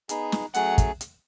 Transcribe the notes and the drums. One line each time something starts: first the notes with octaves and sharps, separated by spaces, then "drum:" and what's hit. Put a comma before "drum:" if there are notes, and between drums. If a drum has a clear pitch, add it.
B3 D#4 G#4, drum: hi-hat
drum: snare
F#3 A3 C#4 G#4 F#5, drum: hi-hat
drum: kick, hi-hat
drum: hi-hat